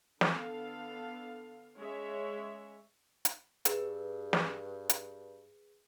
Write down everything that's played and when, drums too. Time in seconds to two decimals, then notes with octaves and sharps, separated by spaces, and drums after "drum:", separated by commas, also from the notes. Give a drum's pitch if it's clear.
0.21 D3 B3 A4 F5, drum: snare
1.77 G#3 C#4 C#5 E5
3.25 drum: hi-hat
3.65 G2 G#4 B4, drum: hi-hat
4.33 drum: snare
4.89 drum: hi-hat